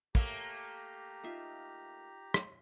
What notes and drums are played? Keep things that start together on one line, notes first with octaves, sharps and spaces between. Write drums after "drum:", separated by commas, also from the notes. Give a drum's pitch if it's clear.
A3 A#3 G4 C#5 E5 A#5, drum: kick
D#4 F4 E5
drum: rim click